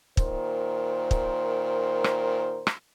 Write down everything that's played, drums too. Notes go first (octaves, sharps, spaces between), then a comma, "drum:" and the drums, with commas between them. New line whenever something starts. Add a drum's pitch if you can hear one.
A#2 D#3 A#4 C5, drum: kick
drum: kick
drum: rim click
drum: rim click